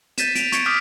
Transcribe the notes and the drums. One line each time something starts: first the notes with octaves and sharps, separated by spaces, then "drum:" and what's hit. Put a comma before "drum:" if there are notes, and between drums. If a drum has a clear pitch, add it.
G6 A6 B6 D#7 E7, drum: hi-hat
D7 F7, drum: hi-hat
C#6 G#6 C#7 D7, drum: hi-hat
D6 D#6 F6 G6 B6 D7